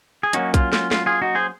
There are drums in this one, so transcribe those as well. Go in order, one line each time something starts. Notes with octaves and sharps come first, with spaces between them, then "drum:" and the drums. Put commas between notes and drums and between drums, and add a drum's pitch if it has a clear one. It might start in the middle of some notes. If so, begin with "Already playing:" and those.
G#4
F#3 A#3 C#4 D#4 F#4, drum: hi-hat
F4, drum: kick B1, hi-hat
F4, drum: snare
F4, drum: snare
F4 G#4
D#4 F#4
G#4 C5